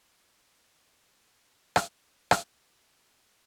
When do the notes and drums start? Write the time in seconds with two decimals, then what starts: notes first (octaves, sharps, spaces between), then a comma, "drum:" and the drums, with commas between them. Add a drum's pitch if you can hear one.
0.47 G3 D4 G4
1.76 drum: rim click
2.31 drum: rim click
2.47 F#5